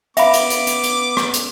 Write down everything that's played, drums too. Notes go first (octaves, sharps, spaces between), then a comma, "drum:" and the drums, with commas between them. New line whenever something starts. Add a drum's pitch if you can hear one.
B3 E5 F5 B5 D6, drum: hi-hat
drum: hi-hat
drum: hi-hat
drum: hi-hat
drum: hi-hat
drum: rim click
drum: hi-hat